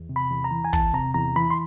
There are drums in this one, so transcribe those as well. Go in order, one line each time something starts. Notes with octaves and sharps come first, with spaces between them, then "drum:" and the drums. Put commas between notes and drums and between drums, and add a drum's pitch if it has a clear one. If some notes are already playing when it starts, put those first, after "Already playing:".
Already playing: E2
C3
B5
E2
A#5
E3
G#5
E2 A5, drum: kick
C3 A#5
E2 A#5
E3 B5
C6